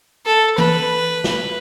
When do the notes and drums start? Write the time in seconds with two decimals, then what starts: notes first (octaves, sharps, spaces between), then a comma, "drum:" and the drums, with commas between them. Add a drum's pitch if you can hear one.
0.26 A4
0.58 B4, drum: tom E3
1.24 drum: snare